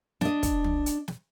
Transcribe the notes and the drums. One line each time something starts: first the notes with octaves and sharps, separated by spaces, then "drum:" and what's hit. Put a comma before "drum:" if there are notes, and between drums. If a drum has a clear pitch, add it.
D4 D#5, drum: snare
drum: kick, hi-hat
drum: tom
drum: hi-hat
drum: snare